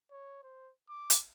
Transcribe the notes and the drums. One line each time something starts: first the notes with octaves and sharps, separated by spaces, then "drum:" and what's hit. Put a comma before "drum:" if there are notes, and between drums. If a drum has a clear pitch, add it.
C#5
C5
D6
drum: hi-hat